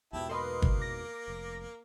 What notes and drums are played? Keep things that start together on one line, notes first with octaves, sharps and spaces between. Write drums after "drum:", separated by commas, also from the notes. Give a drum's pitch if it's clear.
E2 G#2 B2 E4 G4 A5
A#3 B4 D#5 C6
drum: kick G1
D6 A#6
F1